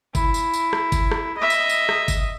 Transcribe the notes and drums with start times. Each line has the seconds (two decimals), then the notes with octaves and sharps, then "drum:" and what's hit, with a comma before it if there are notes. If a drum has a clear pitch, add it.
0.15 E4, drum: kick G1, tambourine
0.34 drum: tambourine
0.53 drum: tambourine
0.73 drum: rim click
0.92 drum: kick G1, tambourine
1.11 drum: rim click
1.38 D#5 E5
1.50 drum: tambourine
1.69 drum: tambourine
1.89 drum: rim click
2.08 drum: kick G1, tambourine